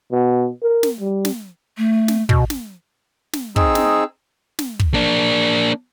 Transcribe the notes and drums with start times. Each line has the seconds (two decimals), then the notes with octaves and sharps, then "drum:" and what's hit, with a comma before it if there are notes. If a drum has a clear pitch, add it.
0.12 B2
0.63 A#4
0.83 drum: snare
1.01 G3
1.25 drum: snare
1.78 A3
2.08 drum: snare
2.29 B2, drum: kick
2.50 drum: snare
3.33 drum: snare
3.56 C4 D#4 G#4 E6, drum: kick
3.75 drum: snare
4.59 drum: snare
4.79 drum: kick
4.94 A#3 D4